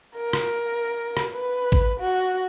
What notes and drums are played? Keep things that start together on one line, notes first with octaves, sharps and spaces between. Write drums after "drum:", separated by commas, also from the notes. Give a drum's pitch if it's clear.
A#4
drum: rim click
drum: rim click
B4
drum: kick
F#4